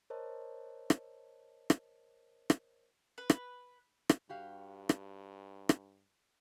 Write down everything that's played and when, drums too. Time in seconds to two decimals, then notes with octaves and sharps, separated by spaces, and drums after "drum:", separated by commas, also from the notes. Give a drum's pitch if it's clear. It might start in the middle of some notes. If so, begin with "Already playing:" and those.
0.10 A#4 C5 C#5 D#5 A5
0.90 drum: rim click
1.70 drum: rim click
2.50 drum: rim click
3.18 B4
3.30 drum: rim click
4.09 drum: rim click
4.29 G2 F#4 G4 F5
4.89 drum: rim click
5.69 drum: rim click